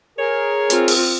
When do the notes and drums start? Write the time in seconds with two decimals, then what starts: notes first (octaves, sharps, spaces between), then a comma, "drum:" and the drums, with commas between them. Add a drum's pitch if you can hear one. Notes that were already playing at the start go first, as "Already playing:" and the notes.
0.19 G#4 A#4 C#5
0.70 C4 F4, drum: hi-hat
0.88 drum: open hi-hat